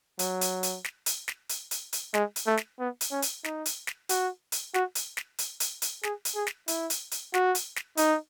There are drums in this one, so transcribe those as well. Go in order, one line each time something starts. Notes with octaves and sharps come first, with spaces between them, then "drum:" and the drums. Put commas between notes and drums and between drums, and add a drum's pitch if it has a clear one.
F#3, drum: hi-hat
drum: hi-hat
drum: hi-hat
drum: snare
drum: hi-hat
drum: snare
drum: hi-hat
drum: hi-hat
drum: hi-hat
G#3, drum: snare
drum: hi-hat
A3
drum: snare
B3
drum: hi-hat
C#4
drum: hi-hat
D#4, drum: snare
drum: hi-hat
drum: snare
F#4, drum: hi-hat
drum: hi-hat
F#4, drum: snare
drum: hi-hat
drum: snare
drum: hi-hat
drum: hi-hat
drum: hi-hat
G#4, drum: snare
drum: hi-hat
G#4
drum: snare
E4, drum: hi-hat
drum: hi-hat
drum: hi-hat
F#4, drum: snare
drum: hi-hat
drum: snare
D#4, drum: hi-hat